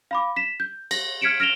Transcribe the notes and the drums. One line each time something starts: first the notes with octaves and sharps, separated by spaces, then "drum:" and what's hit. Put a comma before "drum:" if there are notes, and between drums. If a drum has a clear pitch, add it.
F5 B5 D6
B6 E7
G6
A#6, drum: cymbal
F6 G#6 B6 C#7 D7 E7
F6 A#6 D7 E7 F7 G7